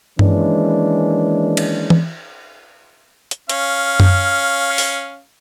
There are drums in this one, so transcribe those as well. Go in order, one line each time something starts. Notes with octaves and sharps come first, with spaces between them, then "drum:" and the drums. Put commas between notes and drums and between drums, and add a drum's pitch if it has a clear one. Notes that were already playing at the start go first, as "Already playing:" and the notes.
D#3 E3 G#3 A#3 C#4 D4, drum: tom G2
drum: cymbal
drum: tom E3
drum: hi-hat
C#4 F5, drum: hi-hat
drum: tom F#2
drum: open hi-hat